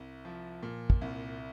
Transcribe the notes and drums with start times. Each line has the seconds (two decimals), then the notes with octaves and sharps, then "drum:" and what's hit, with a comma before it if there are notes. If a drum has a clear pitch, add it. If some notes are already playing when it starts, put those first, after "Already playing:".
Already playing: C2
0.25 F3
0.63 A#2
0.90 drum: kick
1.01 C2